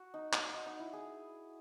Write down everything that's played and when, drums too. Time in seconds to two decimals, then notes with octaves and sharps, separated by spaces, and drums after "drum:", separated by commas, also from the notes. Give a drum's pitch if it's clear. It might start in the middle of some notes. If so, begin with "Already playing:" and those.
Already playing: F#4
0.14 D#4
0.33 drum: clap
0.54 D#4
0.66 D#4
0.79 E4
0.93 G#4